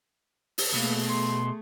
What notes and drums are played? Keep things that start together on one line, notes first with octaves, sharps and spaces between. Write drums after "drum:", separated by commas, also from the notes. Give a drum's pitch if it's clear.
drum: open hi-hat
B2 A3 A#3 G#4
C6